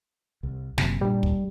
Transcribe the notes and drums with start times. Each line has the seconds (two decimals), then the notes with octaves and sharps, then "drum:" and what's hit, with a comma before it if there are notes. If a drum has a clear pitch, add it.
0.43 C2
0.78 F#1 C3 A#3, drum: snare
1.01 A#2 G3 D4
1.23 drum: kick